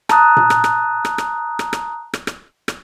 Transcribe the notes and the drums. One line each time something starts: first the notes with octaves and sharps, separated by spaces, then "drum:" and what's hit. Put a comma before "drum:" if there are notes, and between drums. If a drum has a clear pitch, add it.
A5 A#5 D#6 F#6, drum: rim click
drum: tom A#2
drum: rim click
drum: rim click
drum: rim click
drum: rim click
drum: rim click
drum: rim click
drum: rim click
drum: rim click
drum: rim click